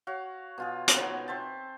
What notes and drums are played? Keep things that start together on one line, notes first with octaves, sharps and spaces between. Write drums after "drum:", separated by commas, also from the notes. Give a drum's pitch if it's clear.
F#4 C#5 F5
B2 F4 G#4
drum: hi-hat
B3 D#4 C#5
C4 C5 E5 A5